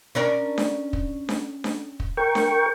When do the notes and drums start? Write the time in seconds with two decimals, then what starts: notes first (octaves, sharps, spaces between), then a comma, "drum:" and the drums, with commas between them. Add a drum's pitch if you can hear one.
0.15 C#4 D4 A#4
0.58 drum: snare D4
0.93 drum: kick
1.29 drum: snare D4
1.64 drum: snare D4
2.00 drum: kick
2.17 A#4 G5 C#6
2.35 drum: snare D4